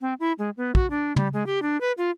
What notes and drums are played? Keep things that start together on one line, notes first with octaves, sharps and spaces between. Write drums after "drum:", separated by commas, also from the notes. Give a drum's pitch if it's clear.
C4
E4
G#3
B3
F#4, drum: kick
D4
G3, drum: tom
G#3
G4
D4
B4
F4